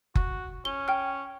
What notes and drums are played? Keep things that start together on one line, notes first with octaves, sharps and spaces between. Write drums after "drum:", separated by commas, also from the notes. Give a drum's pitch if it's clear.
F#4, drum: kick F#1
C#4 G7
G5 F6